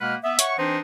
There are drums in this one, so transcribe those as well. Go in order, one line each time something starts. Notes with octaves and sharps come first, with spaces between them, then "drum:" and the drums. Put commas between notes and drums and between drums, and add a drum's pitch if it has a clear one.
B2 G#3 A#3 B4 F#5 F6
B3 E5
C#5 E5 F#5 C#6, drum: hi-hat
E3 C4 D4 D#4 G#4 C5